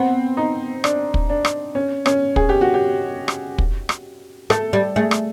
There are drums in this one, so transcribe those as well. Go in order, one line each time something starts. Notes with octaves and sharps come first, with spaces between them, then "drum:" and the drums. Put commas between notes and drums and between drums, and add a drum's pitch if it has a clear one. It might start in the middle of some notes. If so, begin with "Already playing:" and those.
Already playing: B3 C4
D#4
D4, drum: rim click
drum: kick
D4
drum: rim click
C#4
C#4, drum: rim click
G#4, drum: kick
G4
F#4
G4
drum: rim click
drum: kick
drum: rim click
A3 A4, drum: rim click
G3
A3 G#4
drum: rim click